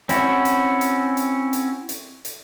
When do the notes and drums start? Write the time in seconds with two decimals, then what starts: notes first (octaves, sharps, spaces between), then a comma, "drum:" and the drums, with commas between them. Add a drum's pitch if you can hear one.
0.09 C4 C#4 E4 F#4, drum: hi-hat
0.45 drum: hi-hat
0.81 drum: hi-hat
1.17 drum: hi-hat
1.53 drum: hi-hat
1.89 drum: hi-hat
2.25 drum: hi-hat